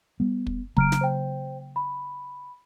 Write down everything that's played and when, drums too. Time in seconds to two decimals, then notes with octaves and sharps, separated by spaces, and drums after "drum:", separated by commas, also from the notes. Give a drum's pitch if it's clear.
0.20 G3 B3
0.47 drum: kick
0.77 C#3 F#3 A#3 A#5 F6 D7, drum: kick
0.92 drum: snare
1.01 C5 G5
1.76 B5